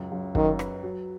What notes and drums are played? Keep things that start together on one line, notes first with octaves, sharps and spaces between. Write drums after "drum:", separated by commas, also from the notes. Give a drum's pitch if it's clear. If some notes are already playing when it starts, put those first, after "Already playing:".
Already playing: C#2 F#2
F#2
F#2 D#3, drum: kick
B4, drum: rim click
F#3